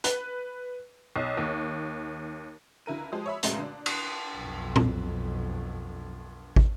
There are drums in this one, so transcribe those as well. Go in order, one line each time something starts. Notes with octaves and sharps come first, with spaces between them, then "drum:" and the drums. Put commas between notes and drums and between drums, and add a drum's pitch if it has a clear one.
B4, drum: hi-hat
B1
D#2
C#2 D3 E4 A#4 D#7
F3 G#3 G4 D#6
C#5 E5 B5
C#2 F#2 A#2 G#3 A3, drum: hi-hat
D3 D4
D#6 F#6, drum: cymbal
B1 F2
drum: tom A#2
drum: kick